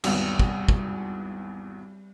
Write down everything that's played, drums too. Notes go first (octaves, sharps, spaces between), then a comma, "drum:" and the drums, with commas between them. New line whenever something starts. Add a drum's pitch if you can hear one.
G#1 E2 G3, drum: cymbal
drum: kick
drum: kick